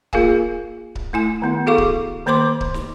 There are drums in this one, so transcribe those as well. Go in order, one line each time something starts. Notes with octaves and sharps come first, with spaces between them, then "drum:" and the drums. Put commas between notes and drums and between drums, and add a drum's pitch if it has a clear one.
A#3 F4 G#4 A#4 F5 G#5, drum: kick C#1
drum: kick C#1
A3 E4 G#5
D#3 B3 E4
F#4 G#4 A4 F5 C#6 D6
drum: kick C#1
D#3 A#3 C5 B5 C6 D6
drum: kick C#1
drum: snare